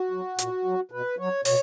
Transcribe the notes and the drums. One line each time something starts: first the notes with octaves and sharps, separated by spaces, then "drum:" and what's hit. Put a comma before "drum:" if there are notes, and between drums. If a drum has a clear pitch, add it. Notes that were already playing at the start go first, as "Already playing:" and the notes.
Already playing: F#4
F#3
A#2, drum: hi-hat
F#3
B2 B4
F#3 C#5
B2 C#5, drum: open hi-hat